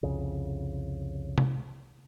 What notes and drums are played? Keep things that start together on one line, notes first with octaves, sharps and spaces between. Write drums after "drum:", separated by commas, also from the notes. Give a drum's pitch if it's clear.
C2 F2 C#3
drum: tom C3